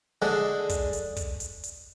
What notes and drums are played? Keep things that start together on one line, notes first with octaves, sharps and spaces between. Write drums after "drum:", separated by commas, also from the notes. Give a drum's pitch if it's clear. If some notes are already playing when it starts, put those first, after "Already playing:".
D3 G#3 D4
drum: kick, hi-hat
drum: hi-hat
drum: kick, hi-hat
drum: hi-hat
drum: hi-hat